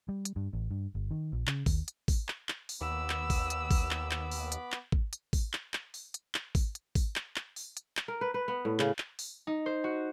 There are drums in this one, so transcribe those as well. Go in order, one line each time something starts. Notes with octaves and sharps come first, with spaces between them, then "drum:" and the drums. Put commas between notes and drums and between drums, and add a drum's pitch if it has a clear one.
G3
drum: hi-hat
G2
A1
G2
G1
D#3
A#1
C#3, drum: clap
D#2, drum: kick, open hi-hat
drum: hi-hat
drum: kick, open hi-hat
drum: clap
drum: clap
drum: open hi-hat
D#2 B3 B5 D6 E6
drum: clap
drum: kick, open hi-hat
drum: hi-hat
drum: kick, open hi-hat
drum: clap
drum: clap
drum: open hi-hat
drum: hi-hat
drum: clap
drum: kick
drum: hi-hat
drum: kick, open hi-hat
drum: clap
drum: clap
drum: open hi-hat
drum: hi-hat
drum: clap
drum: kick, open hi-hat
drum: hi-hat
drum: kick, open hi-hat
drum: clap
drum: clap
drum: open hi-hat
drum: hi-hat
drum: clap
A#4
B4
B4
B3
A2
C#3, drum: clap
drum: clap
drum: open hi-hat
D#4
C5
F#4